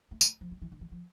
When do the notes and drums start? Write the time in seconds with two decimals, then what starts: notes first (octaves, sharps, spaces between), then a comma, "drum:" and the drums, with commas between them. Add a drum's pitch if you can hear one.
0.11 A3
0.21 A#3, drum: tambourine
0.41 F3
0.51 G3
0.62 E3
0.72 D3
0.81 E3
0.92 F3